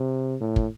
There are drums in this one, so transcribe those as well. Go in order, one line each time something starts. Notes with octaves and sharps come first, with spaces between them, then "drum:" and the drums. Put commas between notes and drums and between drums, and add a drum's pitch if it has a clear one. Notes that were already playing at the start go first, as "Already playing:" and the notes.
Already playing: C3
A2
drum: kick